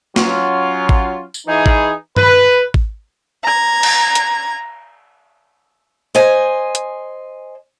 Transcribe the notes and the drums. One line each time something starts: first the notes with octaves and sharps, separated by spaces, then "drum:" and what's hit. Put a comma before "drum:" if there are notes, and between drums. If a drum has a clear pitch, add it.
F#3 C#4 F4, drum: snare
drum: kick G#1
drum: tambourine
E3 D#4 G#4
drum: kick G#1
B4, drum: tom
drum: kick G#1
A#5 G#6
drum: cymbal
drum: hi-hat
C5 D#5 G#5
drum: hi-hat